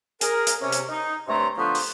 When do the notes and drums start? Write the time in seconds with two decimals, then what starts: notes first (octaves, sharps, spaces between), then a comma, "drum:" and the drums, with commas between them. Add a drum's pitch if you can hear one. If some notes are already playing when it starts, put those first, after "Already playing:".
0.21 G#4 A#4, drum: hi-hat
0.47 drum: hi-hat
0.62 C3 C#4
0.72 drum: hi-hat
0.89 D#4
1.28 G2 C3 A3 C#5 A#5 C6
1.57 D3 F3 B3 B4 C5 C#6
1.75 drum: open hi-hat